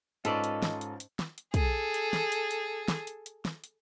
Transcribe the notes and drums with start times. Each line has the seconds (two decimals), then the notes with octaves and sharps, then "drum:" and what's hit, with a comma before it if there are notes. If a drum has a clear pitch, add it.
0.25 G#2 C#4 F4 A4 B4 D5 D#5 C#6, drum: hi-hat
0.44 drum: hi-hat
0.62 drum: snare
0.81 drum: hi-hat
1.00 drum: hi-hat
1.19 drum: snare
1.38 drum: hi-hat
1.54 G#4 A4, drum: kick, hi-hat
1.94 drum: hi-hat
2.13 drum: snare
2.32 drum: hi-hat
2.51 drum: hi-hat
2.88 drum: snare
3.07 drum: hi-hat
3.26 drum: hi-hat
3.45 drum: snare
3.64 drum: hi-hat